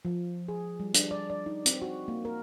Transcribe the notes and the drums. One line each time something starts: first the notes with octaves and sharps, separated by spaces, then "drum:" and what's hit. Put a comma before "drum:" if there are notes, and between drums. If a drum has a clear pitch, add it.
F3
G#4
G3
D4, drum: hi-hat
D5
D5
D#4
C4, drum: hi-hat
F#4
A#3
A#4